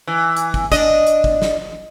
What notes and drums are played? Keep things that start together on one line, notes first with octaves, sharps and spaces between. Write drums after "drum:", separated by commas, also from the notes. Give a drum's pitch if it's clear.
E3
drum: hi-hat
drum: kick
D4 D#5, drum: kick, hi-hat
drum: hi-hat
drum: kick
drum: snare